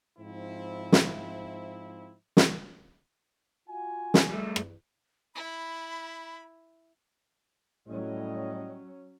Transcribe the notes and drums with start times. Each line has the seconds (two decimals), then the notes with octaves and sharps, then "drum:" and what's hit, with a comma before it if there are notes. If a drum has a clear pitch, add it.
0.19 G#2 F3 C4 E4
0.92 drum: snare
2.37 drum: snare
3.68 F4 F#4 G#5
4.14 drum: snare
4.29 G3 A3
4.56 drum: rim click
5.35 E4 B5
7.88 A2 F#3 G3 C#4 D#5